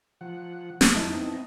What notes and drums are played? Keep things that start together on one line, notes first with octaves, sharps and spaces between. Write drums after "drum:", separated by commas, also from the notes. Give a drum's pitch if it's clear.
F3 F#5
drum: snare
F2 D#4 E4 A5
B3 C4 D#5